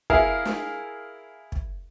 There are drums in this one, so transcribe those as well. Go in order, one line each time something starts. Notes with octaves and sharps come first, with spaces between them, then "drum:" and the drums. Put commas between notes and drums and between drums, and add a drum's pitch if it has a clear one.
E4 G#4 A#4 F5, drum: kick
drum: snare
drum: kick